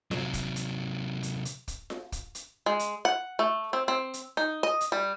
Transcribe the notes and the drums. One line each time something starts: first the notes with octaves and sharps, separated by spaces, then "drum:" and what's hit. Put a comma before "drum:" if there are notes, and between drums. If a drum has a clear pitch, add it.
C3 F#3, drum: snare F4
drum: kick, hi-hat
drum: hi-hat
drum: hi-hat
drum: hi-hat
drum: kick, hi-hat
drum: snare F4
drum: kick, hi-hat
drum: hi-hat
G#3
drum: hi-hat
F#5
A3
C4
C4
drum: hi-hat
D#4
D#5
drum: hi-hat
G3